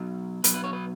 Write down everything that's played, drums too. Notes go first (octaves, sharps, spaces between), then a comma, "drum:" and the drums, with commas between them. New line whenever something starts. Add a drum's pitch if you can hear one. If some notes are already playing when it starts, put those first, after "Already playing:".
Already playing: B2 F#3
B2 F#3 B4, drum: hi-hat
B4
C#5
B4